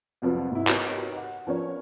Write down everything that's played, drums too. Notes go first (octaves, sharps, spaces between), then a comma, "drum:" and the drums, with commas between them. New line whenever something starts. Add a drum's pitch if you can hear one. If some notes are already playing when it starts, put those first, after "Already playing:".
C2 F2 F3 F#3 B3
G#2 C3 E4
B3 D#4 F#4 G4 A#4 C#5, drum: clap
F#5
F3 B3 C#4 D4 A#4 C#5